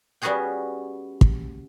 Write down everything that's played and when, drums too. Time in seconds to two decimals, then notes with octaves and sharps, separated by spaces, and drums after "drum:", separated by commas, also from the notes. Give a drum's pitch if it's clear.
0.22 G3 B3 C#4 F#4 G#4 G5
1.21 drum: kick